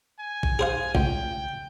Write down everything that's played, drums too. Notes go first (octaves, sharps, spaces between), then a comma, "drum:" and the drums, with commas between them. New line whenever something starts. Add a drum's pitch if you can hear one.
G#5
drum: kick A#1
G#4 C5 F5
C#2 G5, drum: kick A#1